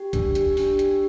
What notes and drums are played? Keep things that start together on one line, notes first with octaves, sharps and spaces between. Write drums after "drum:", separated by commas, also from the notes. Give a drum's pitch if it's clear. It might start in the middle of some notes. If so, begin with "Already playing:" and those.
Already playing: G4 G5
D4, drum: kick A#1, hi-hat
G4, drum: hi-hat
D4, drum: open hi-hat
G4, drum: hi-hat